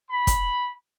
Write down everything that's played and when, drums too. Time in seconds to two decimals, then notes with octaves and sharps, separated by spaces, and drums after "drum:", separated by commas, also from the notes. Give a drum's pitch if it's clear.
0.11 B5
0.27 drum: kick, hi-hat